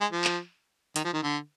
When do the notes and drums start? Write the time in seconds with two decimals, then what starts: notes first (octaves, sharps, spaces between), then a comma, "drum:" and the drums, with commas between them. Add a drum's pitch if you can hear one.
0.01 G#3
0.12 F3
0.24 drum: clap
0.96 D#3, drum: hi-hat
1.04 F3
1.13 D#3
1.23 D3